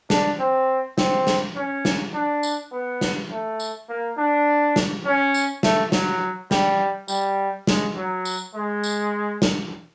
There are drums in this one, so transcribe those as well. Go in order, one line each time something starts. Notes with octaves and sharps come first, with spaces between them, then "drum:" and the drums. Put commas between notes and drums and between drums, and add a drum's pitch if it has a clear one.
D4, drum: snare
C4
C4, drum: snare
drum: snare
C#4
drum: snare
D4
drum: tambourine
B3
drum: snare
A3
drum: tambourine
A#3
D4
drum: snare
C#4
drum: tambourine
A3, drum: snare
F#3, drum: snare
G3, drum: snare
G3, drum: tambourine
G#3, drum: snare
F#3
drum: tambourine
G#3
drum: tambourine
drum: snare